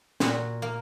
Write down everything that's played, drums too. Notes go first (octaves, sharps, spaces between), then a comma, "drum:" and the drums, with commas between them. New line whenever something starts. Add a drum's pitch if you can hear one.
A#2 F#4, drum: snare
A#3